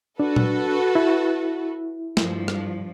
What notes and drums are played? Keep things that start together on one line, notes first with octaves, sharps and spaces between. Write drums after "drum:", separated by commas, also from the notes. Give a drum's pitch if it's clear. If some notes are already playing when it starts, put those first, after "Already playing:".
D4 F#4 A4 B4
drum: tom A#2
E4
G2 F3, drum: snare
drum: rim click